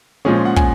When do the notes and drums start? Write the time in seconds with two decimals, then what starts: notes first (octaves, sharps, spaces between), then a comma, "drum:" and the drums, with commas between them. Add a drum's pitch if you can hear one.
0.25 A#2 F3 G#3 C#4 G#4 G#5
0.45 F#5
0.56 G#5, drum: kick